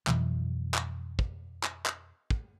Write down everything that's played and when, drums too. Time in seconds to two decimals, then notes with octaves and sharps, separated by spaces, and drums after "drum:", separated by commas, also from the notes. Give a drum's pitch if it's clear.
0.07 F2 B2 E3 F#3, drum: clap
0.74 drum: clap
1.19 drum: kick
1.63 drum: clap
1.86 drum: clap
2.30 drum: kick